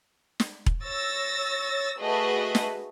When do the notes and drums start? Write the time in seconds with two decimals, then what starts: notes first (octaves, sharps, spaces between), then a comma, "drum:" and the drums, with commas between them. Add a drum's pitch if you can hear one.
0.40 drum: snare
0.66 drum: kick E1
0.84 C#5 E6 A6 A#6
2.01 A3 F#4 G#4 B4 D#5 A5
2.55 drum: snare